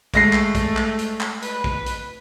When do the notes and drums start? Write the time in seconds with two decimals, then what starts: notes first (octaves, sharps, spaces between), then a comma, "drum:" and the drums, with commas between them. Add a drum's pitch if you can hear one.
0.14 G#3 A3 A#6 C7, drum: kick A#1, hi-hat
0.33 drum: clap
0.55 drum: kick A#1, hi-hat
0.77 drum: clap
0.99 drum: hi-hat
1.20 drum: clap
1.42 B4, drum: hi-hat
1.64 drum: kick A#1
1.86 drum: hi-hat